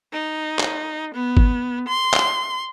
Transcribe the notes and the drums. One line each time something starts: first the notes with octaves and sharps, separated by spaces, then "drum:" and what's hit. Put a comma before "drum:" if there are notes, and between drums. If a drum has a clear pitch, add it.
D#4
drum: clap
B3
drum: kick G1
C6
drum: clap